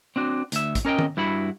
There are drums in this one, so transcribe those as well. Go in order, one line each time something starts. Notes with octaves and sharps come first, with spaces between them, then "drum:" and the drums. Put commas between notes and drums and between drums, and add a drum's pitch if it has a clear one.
C4 D4 F#4
D2 E5, drum: hi-hat
drum: kick, hi-hat
C#4 A#4 D#5 G5
drum: tom D#3
G2 E4 F#4 B5